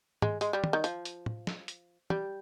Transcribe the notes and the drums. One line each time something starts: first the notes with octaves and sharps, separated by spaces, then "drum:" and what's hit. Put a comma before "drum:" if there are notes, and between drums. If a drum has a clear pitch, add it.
G#3, drum: tom G#2
G#3, drum: hi-hat
G3
drum: tom
D#3
F3, drum: hi-hat
drum: hi-hat
drum: tom
drum: snare
drum: hi-hat
G3, drum: tom